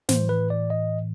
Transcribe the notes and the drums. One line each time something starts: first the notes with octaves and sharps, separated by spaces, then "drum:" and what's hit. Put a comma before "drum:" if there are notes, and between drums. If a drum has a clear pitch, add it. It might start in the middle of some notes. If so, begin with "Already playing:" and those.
A2 E3 C5, drum: snare
B4
D5
D#5